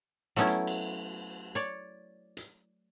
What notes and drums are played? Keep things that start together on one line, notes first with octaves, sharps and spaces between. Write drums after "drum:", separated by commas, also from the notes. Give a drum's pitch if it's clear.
F#3 A3 B3 C#4 E4
drum: hi-hat
drum: cymbal
C#5 D5
drum: hi-hat